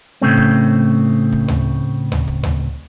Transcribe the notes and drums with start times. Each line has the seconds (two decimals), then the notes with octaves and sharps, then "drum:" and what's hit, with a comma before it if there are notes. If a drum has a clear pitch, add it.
0.21 A2 C#3 A3 C4
0.37 drum: kick
1.32 drum: kick
1.48 drum: tom D2
2.12 drum: tom D2
2.28 drum: kick
2.43 drum: tom D2